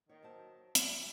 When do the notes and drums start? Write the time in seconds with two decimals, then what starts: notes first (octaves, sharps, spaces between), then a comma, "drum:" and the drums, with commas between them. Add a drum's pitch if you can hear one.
0.09 D#3 C#5
0.23 F#3 C5 A5
0.75 A#3 D4, drum: hi-hat